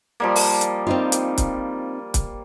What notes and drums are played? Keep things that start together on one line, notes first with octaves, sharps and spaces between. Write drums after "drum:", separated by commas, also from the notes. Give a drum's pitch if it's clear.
F3 G3 A#3
drum: open hi-hat
drum: hi-hat
C4 D#4 F4
drum: hi-hat
drum: kick, hi-hat
drum: kick, hi-hat